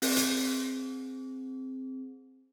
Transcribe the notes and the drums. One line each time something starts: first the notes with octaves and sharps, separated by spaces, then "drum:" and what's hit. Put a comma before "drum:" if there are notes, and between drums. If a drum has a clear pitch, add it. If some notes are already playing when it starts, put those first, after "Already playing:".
C4 G#4, drum: open hi-hat
drum: hi-hat